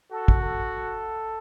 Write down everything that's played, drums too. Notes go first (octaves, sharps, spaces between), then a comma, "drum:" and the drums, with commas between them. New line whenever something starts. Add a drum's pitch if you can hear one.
F#4 A4
drum: kick
A4